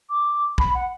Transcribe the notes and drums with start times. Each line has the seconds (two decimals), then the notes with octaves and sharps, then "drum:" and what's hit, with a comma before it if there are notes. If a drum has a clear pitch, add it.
0.09 D6
0.58 B5, drum: kick
0.74 F#5